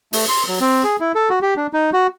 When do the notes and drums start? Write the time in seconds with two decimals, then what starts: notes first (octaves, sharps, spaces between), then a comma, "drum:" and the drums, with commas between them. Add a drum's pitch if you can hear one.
0.13 A3, drum: open hi-hat
0.29 C6
0.48 F#3
0.60 C4
0.84 G#4
1.00 E4
1.15 A4
1.30 F#4
1.42 G4
1.57 D4
1.73 D#4
1.93 F#4